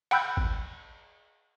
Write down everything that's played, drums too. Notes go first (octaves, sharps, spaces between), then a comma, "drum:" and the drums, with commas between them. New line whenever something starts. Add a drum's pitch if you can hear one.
F#5 G5 B5 E6 F#6 G6, drum: cymbal
drum: kick G#1